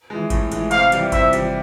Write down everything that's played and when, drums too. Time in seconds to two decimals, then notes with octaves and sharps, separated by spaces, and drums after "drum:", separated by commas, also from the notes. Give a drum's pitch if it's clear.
0.10 E3 G#3
0.30 A2, drum: kick G#1, hi-hat
0.52 E3 G#3, drum: hi-hat
0.71 C3 F5, drum: hi-hat
0.92 E3 G3, drum: hi-hat
1.12 C3 E5, drum: kick G#1, hi-hat
1.33 E3 G3, drum: hi-hat